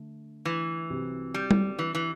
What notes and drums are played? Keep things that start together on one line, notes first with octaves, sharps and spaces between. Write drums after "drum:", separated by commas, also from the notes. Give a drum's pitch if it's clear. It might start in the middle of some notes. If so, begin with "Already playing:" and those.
Already playing: D3 A3
E3
C2 C3 F#3 C4
G3
drum: tom G3
E3
E3